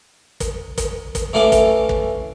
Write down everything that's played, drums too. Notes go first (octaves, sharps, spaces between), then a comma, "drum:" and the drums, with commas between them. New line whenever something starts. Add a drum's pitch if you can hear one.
drum: kick, hi-hat
drum: kick, hi-hat
drum: kick, hi-hat
E3 A3 C#4 F5 D6
drum: kick, hi-hat
drum: kick